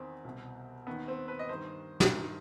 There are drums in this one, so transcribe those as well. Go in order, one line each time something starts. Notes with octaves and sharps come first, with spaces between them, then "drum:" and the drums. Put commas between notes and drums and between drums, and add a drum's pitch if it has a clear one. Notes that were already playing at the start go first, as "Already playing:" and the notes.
Already playing: E2 D#3 C4
C2 B2
D#2 D#3 B3
C4
B4
D#5
G2 D#3 C5
drum: snare
G2 D#3